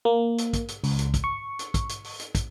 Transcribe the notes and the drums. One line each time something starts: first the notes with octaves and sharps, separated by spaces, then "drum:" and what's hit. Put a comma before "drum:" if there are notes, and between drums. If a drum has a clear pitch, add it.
A#3
drum: hi-hat
drum: kick, hi-hat
drum: hi-hat
C#2, drum: open hi-hat
drum: hi-hat
drum: kick, hi-hat
C#6
drum: hi-hat
drum: kick, hi-hat
drum: hi-hat
drum: open hi-hat
drum: hi-hat
drum: kick, hi-hat